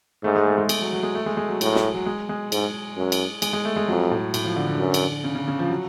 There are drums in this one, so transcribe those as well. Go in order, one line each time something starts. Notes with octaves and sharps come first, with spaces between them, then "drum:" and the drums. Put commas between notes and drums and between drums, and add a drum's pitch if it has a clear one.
G#2 A3
G#3
A3
G#3
G#3, drum: cymbal
F#3
F#3
G#3
A3
G#3
G#3
F#3
A2, drum: cymbal
drum: snare
F#3
G#3
G#3
G#2, drum: cymbal
F#2
drum: cymbal
G#3, drum: cymbal
G#3
A3
G#3
F2 F#3
A2
A2, drum: cymbal
F3
D3
D3
F#2
drum: cymbal
C#3
C#3
C#3
F3
F#3